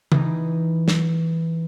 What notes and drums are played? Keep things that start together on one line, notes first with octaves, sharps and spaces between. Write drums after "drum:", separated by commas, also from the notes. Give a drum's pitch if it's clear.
E3 D#4, drum: tom
drum: snare